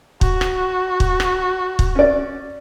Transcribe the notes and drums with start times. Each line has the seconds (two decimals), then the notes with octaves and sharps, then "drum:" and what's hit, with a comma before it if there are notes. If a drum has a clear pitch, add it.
0.21 F#4, drum: kick
0.41 drum: rim click
1.00 drum: kick
1.20 drum: rim click
1.79 drum: kick
1.95 C#4 D5